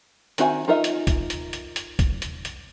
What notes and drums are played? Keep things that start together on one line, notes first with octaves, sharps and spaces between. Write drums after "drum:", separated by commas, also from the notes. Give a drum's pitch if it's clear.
D#3 C4 F#4 E5 G#5, drum: hi-hat
D#4 F4 A#4 D#5 E5
drum: hi-hat
drum: kick, hi-hat
drum: hi-hat
drum: hi-hat
drum: hi-hat
drum: kick, hi-hat
drum: hi-hat
drum: hi-hat